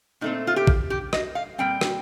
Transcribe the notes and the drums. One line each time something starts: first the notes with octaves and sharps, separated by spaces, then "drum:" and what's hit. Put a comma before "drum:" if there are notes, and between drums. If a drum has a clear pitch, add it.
A#2 A3 C4 D#4
F4
G4
drum: kick A1
G4
D#5, drum: rim click
F5
A#2 G3 C4 G5
drum: rim click